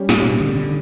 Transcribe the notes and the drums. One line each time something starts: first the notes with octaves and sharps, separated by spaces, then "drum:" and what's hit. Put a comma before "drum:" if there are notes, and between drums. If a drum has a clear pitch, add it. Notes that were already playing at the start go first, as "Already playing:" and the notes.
Already playing: G3 C#4 G4
A2, drum: snare
B2
D3
D3